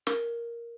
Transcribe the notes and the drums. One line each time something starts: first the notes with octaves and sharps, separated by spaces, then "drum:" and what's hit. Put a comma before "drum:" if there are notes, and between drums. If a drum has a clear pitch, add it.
A#4, drum: snare